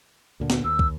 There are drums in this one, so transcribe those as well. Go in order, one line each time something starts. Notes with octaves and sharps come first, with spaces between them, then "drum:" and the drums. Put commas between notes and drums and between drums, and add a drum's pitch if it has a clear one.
D2 A#2 D3
drum: snare
D#2 E6
drum: kick